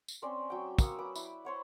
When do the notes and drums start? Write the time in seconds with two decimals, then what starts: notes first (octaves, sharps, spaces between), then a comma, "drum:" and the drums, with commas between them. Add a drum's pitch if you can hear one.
0.08 drum: tambourine
0.22 C4 C#4 C5 D5
0.50 F#3 G5
0.79 A#3 C#6 D#6 E6, drum: kick, tambourine
0.98 B4 D6
1.16 E4, drum: tambourine
1.45 C5 C#5 F#5